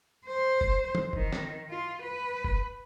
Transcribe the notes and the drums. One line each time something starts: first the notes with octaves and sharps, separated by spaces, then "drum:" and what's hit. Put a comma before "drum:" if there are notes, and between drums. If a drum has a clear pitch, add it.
C5
drum: kick F#1
drum: tom E3
D#3, drum: kick F#1
drum: snare
F4
B4
drum: kick F#1